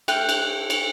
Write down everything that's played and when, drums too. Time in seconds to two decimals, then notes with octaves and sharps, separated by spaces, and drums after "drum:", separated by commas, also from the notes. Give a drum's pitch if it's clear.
0.08 A3 G5 F6 F#6, drum: cymbal
0.29 drum: cymbal
0.70 drum: cymbal